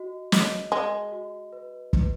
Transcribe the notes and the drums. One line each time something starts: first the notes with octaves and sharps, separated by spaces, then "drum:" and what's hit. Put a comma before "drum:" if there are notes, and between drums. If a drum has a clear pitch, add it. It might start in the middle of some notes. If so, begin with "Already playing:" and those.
Already playing: F#4 D#5
D#5, drum: snare
G#3 D#5
F#4
B4
B4, drum: kick